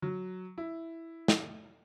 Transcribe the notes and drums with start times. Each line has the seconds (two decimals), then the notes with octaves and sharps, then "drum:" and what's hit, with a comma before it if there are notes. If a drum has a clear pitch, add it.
0.02 F#3
0.58 E4
1.28 drum: snare